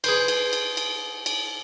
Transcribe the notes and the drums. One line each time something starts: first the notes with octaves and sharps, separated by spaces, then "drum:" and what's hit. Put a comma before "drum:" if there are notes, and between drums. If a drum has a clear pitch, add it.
G#4 B4 C5, drum: cymbal
drum: cymbal
drum: cymbal
drum: cymbal
drum: cymbal